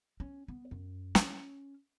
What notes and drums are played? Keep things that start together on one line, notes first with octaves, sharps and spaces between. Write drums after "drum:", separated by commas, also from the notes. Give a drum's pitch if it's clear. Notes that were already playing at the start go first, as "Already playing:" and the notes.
C#4
B3
F#2
C#4, drum: snare